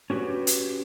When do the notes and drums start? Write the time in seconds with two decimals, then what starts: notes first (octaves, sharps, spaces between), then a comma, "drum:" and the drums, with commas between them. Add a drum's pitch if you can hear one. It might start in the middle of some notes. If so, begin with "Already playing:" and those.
0.10 C#4 F#4 G4 B4
0.47 drum: hi-hat